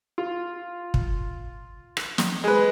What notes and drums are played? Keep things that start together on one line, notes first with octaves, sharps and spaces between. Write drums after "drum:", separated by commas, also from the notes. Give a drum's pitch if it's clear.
F4
drum: kick
drum: rim click
drum: snare
G#3 B4